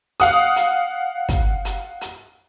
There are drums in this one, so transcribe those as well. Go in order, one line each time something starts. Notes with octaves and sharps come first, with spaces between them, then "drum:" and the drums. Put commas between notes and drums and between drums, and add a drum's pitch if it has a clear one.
F5 F#5 D#6, drum: hi-hat
drum: hi-hat
drum: kick, hi-hat
drum: hi-hat
drum: hi-hat